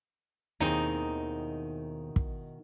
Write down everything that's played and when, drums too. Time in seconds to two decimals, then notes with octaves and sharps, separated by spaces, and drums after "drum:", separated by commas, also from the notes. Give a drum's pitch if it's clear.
0.60 D#2 B2 D#3 C4 D#4 E4 G#4, drum: hi-hat
2.16 drum: kick